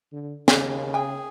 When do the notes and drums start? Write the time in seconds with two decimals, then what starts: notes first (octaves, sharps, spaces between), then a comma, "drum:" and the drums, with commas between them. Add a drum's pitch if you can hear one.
0.12 D3
0.48 D#2 C#3, drum: snare
0.94 G#4 G5 G#5